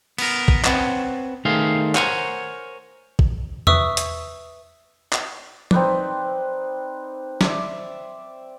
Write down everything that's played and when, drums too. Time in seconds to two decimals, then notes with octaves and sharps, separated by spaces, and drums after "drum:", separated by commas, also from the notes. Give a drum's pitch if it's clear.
0.18 B3 A#4, drum: cymbal
0.48 drum: kick
0.65 C4 B4 C#5 F#5 A5, drum: clap
1.45 D#3 A3 G#4 C5 F5 C6
1.95 A#4 C5 C#5 F#5 G#5, drum: clap
3.19 drum: kick
3.67 B4 E5 C#6 D#6 E6, drum: tom E2
3.97 drum: hi-hat
5.13 drum: clap
5.71 C4 D#4 B4 D5, drum: tom F3
7.41 D5 E5 C6 D6, drum: snare